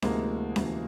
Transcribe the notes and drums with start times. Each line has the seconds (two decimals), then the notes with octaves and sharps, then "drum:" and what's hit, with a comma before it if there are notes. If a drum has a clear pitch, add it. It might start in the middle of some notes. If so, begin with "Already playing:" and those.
0.02 D2 C3 E3 G#3 A#3, drum: snare C#4
0.56 D2 C3 E3, drum: snare C#4